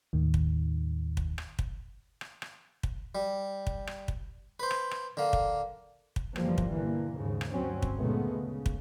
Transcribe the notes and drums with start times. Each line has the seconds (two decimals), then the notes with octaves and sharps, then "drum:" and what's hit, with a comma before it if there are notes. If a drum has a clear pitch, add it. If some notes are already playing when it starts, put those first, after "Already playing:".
0.13 D#2 A2 D#3
0.34 drum: kick
1.17 drum: kick
1.38 drum: rim click
1.59 drum: kick
2.21 drum: rim click
2.42 drum: rim click
2.83 drum: kick
3.15 G3
3.67 drum: kick
3.87 drum: rim click
4.08 drum: kick
4.60 B4 C5
4.71 drum: rim click
4.91 drum: rim click
5.17 D3 A#3
5.33 drum: kick
6.16 drum: kick
6.36 G1 F#2 E3 F3 G3 A#3, drum: rim click
6.58 drum: kick
6.72 A#2 D3 E3 A#3
7.12 D#2 G#2 C#3
7.41 drum: rim click
7.51 D2 G2 F#3 C4 C#4
7.82 drum: kick
7.94 D2 A#2 C#3 G#3 A3 B3
8.40 C#3
8.66 drum: kick